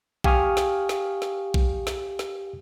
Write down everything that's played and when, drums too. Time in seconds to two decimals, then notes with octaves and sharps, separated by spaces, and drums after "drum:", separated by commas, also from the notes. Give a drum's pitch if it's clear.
0.24 G4 F5 G#5 C#6 D#6 F6, drum: kick A#1
0.57 drum: snare
0.89 drum: snare
1.22 drum: snare
1.54 drum: kick A#1
1.87 drum: snare
2.19 drum: snare